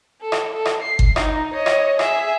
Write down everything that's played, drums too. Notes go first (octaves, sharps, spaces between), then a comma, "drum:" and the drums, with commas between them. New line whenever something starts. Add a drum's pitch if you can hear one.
A4
drum: rim click
A4
drum: rim click
C7
drum: kick G1
D#4, drum: rim click
C#5 D#5
drum: rim click
G#4 E5, drum: rim click